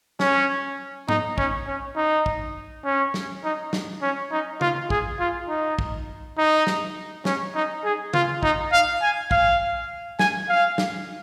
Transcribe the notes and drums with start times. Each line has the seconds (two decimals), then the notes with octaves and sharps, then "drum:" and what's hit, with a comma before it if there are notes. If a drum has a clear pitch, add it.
0.20 C#4, drum: snare
1.09 D#4, drum: tom
1.38 C#4, drum: kick
1.67 C#4
1.96 D#4
2.26 drum: kick
2.85 C#4
3.14 drum: snare
3.44 D#4
3.73 drum: snare
4.02 C#4
4.32 D#4
4.61 F4, drum: tom C#3
4.90 G#4, drum: kick
5.20 F4
5.49 D#4
5.79 drum: kick
6.38 D#4
6.67 drum: snare
7.25 C#4, drum: snare
7.55 D#4
7.84 G#4
8.14 F4, drum: tom C#3
8.43 D#4, drum: kick
8.72 F5
9.02 G#5
9.31 F5, drum: kick
10.19 G#5, drum: snare
10.49 F5
10.78 drum: snare